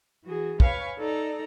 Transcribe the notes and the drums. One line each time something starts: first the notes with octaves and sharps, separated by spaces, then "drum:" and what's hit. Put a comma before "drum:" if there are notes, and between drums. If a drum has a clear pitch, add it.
E3 F#4 G#4
B4 C#5 F5 G#5 C#6, drum: kick
D#4 A4 D5 A#5